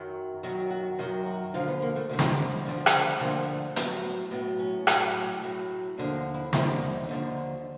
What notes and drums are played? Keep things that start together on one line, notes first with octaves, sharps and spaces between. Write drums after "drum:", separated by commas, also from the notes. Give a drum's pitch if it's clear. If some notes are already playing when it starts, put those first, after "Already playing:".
Already playing: F#2 D#3 F#3
F#2 D#3 F#3 F#4
F#4
F#2 D#3 F#3 F#4
F#4
D2 D3 F3 F4
B3
A#3
A3
D2 D3 F3
drum: snare
D2 D3 F3
drum: rim click
D2 D3 F3 A#3
A2 F#3 B3, drum: hi-hat
A2 F#3 B3
C#4
A2 F#3, drum: rim click
A2 F#3
D#2 D3 F3 D4
D#4
E4
D#2 D3 F3 E4, drum: snare
D#4
D#2 D3 F3